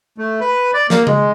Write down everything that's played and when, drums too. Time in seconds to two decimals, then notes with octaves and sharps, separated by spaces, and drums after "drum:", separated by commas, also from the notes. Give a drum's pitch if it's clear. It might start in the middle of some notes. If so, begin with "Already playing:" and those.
0.18 A3
0.40 B4
0.74 D5
0.90 A#3, drum: snare
1.07 G#3, drum: tom C#3